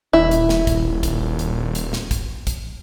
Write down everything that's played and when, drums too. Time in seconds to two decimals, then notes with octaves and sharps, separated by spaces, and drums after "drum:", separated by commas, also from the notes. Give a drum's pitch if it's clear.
0.13 D#1 E4
0.31 drum: hi-hat
0.49 drum: snare
0.67 drum: kick, hi-hat
1.03 drum: kick, hi-hat
1.39 drum: hi-hat
1.75 drum: hi-hat
1.93 drum: snare
2.11 drum: kick, hi-hat
2.47 drum: kick, hi-hat